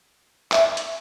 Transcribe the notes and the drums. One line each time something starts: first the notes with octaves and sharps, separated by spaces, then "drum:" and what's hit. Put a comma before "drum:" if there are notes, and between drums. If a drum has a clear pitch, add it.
E5, drum: clap
drum: hi-hat